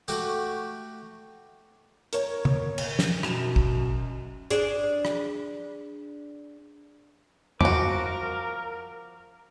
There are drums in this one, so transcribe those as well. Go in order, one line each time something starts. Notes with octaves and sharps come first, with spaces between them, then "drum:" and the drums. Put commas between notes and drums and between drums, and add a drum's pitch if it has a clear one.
A3 F#4 G4, drum: tambourine
A#4 C#5, drum: hi-hat
drum: tom
drum: cymbal
drum: snare
F#2 B2 E7 F7, drum: rim click
drum: kick
D4 G#4 D5, drum: hi-hat
drum: rim click
F3 F#4 A#4 D6, drum: tom